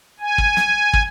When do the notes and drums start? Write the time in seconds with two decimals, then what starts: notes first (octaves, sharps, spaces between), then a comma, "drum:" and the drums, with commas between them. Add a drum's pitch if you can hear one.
0.20 G#5
0.38 drum: kick
0.57 drum: snare
0.93 drum: kick